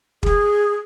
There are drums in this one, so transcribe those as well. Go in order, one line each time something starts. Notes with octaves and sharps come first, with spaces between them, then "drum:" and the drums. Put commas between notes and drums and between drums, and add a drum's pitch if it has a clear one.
G#4, drum: kick